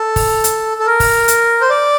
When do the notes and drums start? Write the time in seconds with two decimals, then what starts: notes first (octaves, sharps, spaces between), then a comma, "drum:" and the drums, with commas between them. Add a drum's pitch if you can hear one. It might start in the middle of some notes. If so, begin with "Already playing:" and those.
Already playing: A4
0.16 drum: kick, open hi-hat
0.44 drum: hi-hat
0.79 A4
0.87 A#4
1.00 drum: kick, open hi-hat
1.28 drum: hi-hat
1.61 C5
1.70 D5